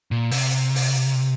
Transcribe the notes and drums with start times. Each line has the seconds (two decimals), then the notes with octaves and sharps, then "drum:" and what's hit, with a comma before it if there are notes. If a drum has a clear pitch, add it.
0.11 A#2
0.31 C3, drum: open hi-hat
0.76 drum: open hi-hat